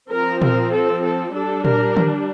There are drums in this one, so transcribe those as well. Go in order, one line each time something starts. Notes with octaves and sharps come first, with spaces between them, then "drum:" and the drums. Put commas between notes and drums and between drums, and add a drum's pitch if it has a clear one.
F3 C4 A#4
A#4, drum: tom A#2
A4
A4
G3 D4 A4
A#4, drum: tom A#2
drum: tom D3